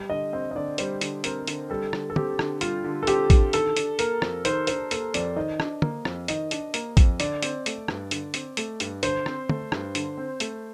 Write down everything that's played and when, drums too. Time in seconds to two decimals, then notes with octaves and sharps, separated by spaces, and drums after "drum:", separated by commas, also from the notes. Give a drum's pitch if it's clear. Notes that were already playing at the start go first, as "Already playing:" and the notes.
Already playing: G3
0.10 D3 D#5
0.33 C4 D#5
0.51 D#5
0.55 D3 D5
0.78 G3 C5, drum: hi-hat
1.01 D3, drum: hi-hat
1.24 C4 A#4, drum: hi-hat
1.47 D3, drum: hi-hat
1.70 G3 A4
1.93 D3, drum: rim click
2.10 A4
2.16 C4 G4, drum: tom
2.39 D3, drum: rim click
2.61 G3 F4, drum: hi-hat
2.84 D3
3.03 A4
3.07 C4 G4, drum: hi-hat
3.30 D3, drum: kick A1, hi-hat
3.53 D#3 A4, drum: hi-hat
3.77 D4, drum: hi-hat
3.99 A#3 A#4, drum: hi-hat
4.22 F2, drum: rim click
4.45 D#3 C5, drum: hi-hat
4.67 D4 C5, drum: hi-hat
4.91 A#3 A4, drum: hi-hat
5.14 F2 D5, drum: hi-hat
5.36 D#3 D#5
5.60 D4, drum: rim click
5.82 A#3, drum: tom
6.05 F2, drum: rim click
6.28 D#3 D#5, drum: hi-hat
6.51 D4, drum: hi-hat
6.74 A#3, drum: hi-hat
6.97 F2, drum: kick A1, hi-hat
7.20 D3 D5, drum: hi-hat
7.42 C4, drum: hi-hat
7.66 A3, drum: hi-hat
7.88 G2, drum: rim click
8.11 D3, drum: hi-hat
8.34 C4, drum: hi-hat
8.57 A3, drum: hi-hat
8.80 G2, drum: hi-hat
9.03 D3 C5, drum: hi-hat
9.26 C4, drum: rim click
9.49 A3, drum: tom
9.72 G2, drum: rim click
9.95 D3, drum: hi-hat
10.18 C4
10.40 A3, drum: hi-hat